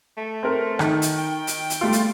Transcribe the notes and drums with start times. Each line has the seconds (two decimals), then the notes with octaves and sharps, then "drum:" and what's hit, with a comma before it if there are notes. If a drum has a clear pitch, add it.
0.17 A3
0.43 C4 A#4
0.79 D#3, drum: rim click
1.02 drum: hi-hat
1.18 G5
1.47 drum: hi-hat
1.70 drum: hi-hat
1.81 G3 A3 F4
1.92 drum: hi-hat